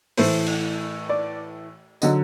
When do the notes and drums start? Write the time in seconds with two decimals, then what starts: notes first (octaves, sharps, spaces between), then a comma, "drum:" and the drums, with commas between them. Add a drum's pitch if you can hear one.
0.17 A2 E3 A3 C5, drum: open hi-hat
0.46 drum: cymbal
1.09 D5
2.02 D3 F#3 D#5, drum: tambourine